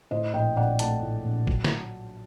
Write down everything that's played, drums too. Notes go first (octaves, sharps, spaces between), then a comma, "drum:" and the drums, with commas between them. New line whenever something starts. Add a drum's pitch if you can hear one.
A2 C5 D#5
A#1 D#5 G5
A#1 D5 F#5
A3 F#5 A5, drum: hi-hat
A2
A#1
F#3, drum: kick
drum: snare